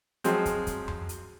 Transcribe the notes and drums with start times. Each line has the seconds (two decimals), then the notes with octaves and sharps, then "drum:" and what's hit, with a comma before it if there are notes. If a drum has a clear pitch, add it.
0.24 F3 F#3 G#3 C4, drum: hi-hat
0.46 drum: kick, hi-hat
0.67 drum: kick, hi-hat
0.88 drum: tom F2
1.09 drum: hi-hat